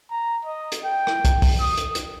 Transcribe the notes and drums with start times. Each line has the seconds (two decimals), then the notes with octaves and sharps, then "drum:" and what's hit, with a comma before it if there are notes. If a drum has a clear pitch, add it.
0.11 A#5
0.45 D#5
0.72 drum: hi-hat
0.84 G5
1.07 drum: rim click
1.25 drum: kick, hi-hat
1.42 drum: kick, open hi-hat
1.60 D#6
1.77 drum: hi-hat
1.95 drum: hi-hat